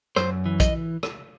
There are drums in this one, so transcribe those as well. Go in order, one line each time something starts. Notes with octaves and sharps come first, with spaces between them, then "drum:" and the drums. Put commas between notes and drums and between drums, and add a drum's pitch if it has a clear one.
F#2 C5, drum: rim click
E3
D#5, drum: kick A#1, hi-hat
drum: rim click